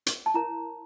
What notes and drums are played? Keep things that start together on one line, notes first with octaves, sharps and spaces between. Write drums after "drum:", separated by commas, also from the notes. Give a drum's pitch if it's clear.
drum: hi-hat
A5
E4 A#4 C#5 A#5